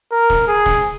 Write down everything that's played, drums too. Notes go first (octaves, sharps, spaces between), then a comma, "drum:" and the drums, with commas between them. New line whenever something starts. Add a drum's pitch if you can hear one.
A#4
drum: snare
G#4
drum: snare